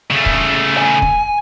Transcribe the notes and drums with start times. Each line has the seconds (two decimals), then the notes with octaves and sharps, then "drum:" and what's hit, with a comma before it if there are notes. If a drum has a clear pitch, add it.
0.11 C#3 A3
0.26 drum: kick
0.77 G#5
1.02 drum: kick